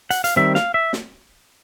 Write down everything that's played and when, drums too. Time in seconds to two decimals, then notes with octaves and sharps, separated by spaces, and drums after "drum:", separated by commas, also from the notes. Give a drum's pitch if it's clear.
0.10 F#5, drum: hi-hat
0.24 F5, drum: hi-hat
0.36 D#3 G3 C4 E5
0.55 F5, drum: snare
0.74 E5
0.93 drum: snare